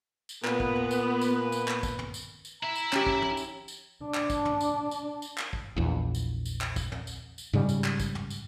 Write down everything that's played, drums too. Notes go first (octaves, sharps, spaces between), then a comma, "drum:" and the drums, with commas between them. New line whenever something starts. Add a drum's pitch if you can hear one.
drum: tambourine
A#2 B3 B4, drum: clap
drum: kick
drum: tom
drum: tambourine
drum: tambourine
drum: tambourine
drum: clap
drum: kick, tambourine
drum: tom
drum: tambourine
drum: tambourine
E4 E5 A#5
drum: tambourine
C#4 G4, drum: clap
drum: kick
drum: tom
drum: tambourine
drum: tambourine
D4
drum: clap
drum: kick, tambourine
drum: tom
drum: tambourine
drum: tambourine
drum: tambourine
drum: clap
drum: kick
A#1 E2
drum: tambourine
drum: tambourine
drum: clap
drum: kick, tambourine
drum: tom
drum: tambourine
drum: tambourine
G#2 C#3 G3
drum: tambourine
drum: clap
drum: kick, tambourine
drum: tom
drum: tambourine